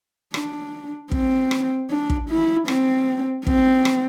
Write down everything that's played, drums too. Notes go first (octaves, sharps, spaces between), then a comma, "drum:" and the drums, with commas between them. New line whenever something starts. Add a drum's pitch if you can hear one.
D4, drum: rim click
C4, drum: kick
drum: rim click
D4
drum: kick
E4
C4, drum: rim click
C4, drum: kick
drum: rim click